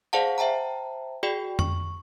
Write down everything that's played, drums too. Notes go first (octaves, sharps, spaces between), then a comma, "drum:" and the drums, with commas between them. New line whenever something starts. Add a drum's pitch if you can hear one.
G#4 C5 D5 F5 F#5 A5
C5 E5 G5 A5 A#5
F#4 G#4 D5 G5
C#6, drum: tom F2